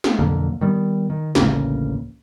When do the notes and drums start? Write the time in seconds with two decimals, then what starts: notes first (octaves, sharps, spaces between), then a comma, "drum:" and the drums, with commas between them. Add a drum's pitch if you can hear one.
0.04 drum: snare
0.19 B1 F2 D3 A#3
0.61 D#3 G3 B3
1.10 D#3
1.35 A1 D2 C#3 A#3, drum: snare